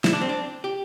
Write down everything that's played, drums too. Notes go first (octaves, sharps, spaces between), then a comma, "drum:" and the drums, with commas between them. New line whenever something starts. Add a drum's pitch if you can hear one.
E4, drum: snare
D4
C4
D4
G4